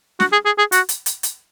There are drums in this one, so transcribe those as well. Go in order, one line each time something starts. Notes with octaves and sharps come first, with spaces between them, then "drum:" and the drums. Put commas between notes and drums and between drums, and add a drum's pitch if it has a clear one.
F#4, drum: snare
G#4
G#4
G#4
F#4, drum: hi-hat
drum: hi-hat
drum: hi-hat
drum: hi-hat